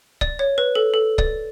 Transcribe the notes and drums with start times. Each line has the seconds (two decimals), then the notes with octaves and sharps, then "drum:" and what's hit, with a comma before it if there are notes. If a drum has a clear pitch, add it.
0.21 D5, drum: kick C#1
0.39 C#5
0.58 B4
0.75 A4
0.94 A4
1.18 D5, drum: kick C#1